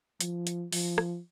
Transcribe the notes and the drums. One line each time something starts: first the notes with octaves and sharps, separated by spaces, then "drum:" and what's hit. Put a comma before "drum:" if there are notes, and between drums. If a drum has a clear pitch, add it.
F3, drum: hi-hat
drum: hi-hat
F3, drum: open hi-hat
drum: rim click